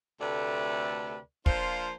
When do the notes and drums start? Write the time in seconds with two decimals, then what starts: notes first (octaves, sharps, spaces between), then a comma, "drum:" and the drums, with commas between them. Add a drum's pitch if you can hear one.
0.21 D2 C3 A3 A4 B4 D5
1.46 F3 A#3 D4 F4 C5, drum: kick